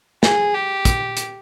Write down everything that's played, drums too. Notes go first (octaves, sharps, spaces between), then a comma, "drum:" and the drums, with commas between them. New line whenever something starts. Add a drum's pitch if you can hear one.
G#4, drum: snare
G4
drum: kick, hi-hat
drum: hi-hat